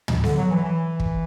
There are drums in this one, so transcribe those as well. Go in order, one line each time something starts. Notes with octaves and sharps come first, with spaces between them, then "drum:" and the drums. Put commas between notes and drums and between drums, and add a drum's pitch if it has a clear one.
drum: tom
D3, drum: snare B3
F#3
E3
E3
drum: kick